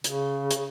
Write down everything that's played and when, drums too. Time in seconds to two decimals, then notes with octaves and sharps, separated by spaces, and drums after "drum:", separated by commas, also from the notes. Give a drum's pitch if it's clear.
0.04 C#3, drum: hi-hat
0.51 drum: hi-hat